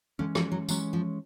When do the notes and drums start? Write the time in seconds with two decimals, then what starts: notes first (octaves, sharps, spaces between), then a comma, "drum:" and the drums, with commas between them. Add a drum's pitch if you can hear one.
0.19 D3 E3 G#3 C#4
0.35 F3, drum: rim click
0.52 F#3
0.69 E3 F#3 G#3 C#4, drum: tambourine
0.93 F3